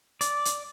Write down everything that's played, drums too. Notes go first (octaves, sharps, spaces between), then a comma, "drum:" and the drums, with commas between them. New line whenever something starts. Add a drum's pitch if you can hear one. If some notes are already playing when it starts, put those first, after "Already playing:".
D5, drum: hi-hat
drum: hi-hat